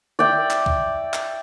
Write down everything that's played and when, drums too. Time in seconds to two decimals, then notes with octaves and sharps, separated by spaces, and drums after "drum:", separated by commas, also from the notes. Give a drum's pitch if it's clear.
0.19 D5 E5 G5
0.50 drum: clap
0.66 drum: kick C2
1.14 drum: clap